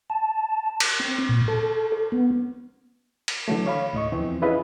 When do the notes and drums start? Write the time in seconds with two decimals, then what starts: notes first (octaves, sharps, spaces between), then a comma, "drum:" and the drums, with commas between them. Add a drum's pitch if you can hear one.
0.10 A5
0.80 F#6, drum: cymbal
1.00 C4
1.29 A#2
1.48 A4
2.12 B3
3.28 drum: cymbal
3.48 D3 E3 F#3 A3
3.66 C#5 F5 B5
3.93 D2 A2 D#5 C#6
4.12 E2 E3 F3 C4
4.42 C#4 E4 F4 G#4 B4 D#5